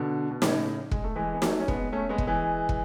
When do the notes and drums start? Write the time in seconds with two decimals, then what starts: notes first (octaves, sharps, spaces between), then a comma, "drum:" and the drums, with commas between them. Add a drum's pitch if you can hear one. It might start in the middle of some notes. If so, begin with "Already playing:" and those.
Already playing: B2 D3
0.31 B2
0.42 A2 C#3, drum: snare
0.91 G#3, drum: kick
1.04 A3
1.16 E3 G#3
1.34 B3
1.42 F#3 A3, drum: snare
1.60 C#4
1.68 G#3 B3, drum: kick
1.93 A3 C#4
2.09 G#3 B3
2.18 drum: kick
2.27 E3 G#3
2.69 drum: kick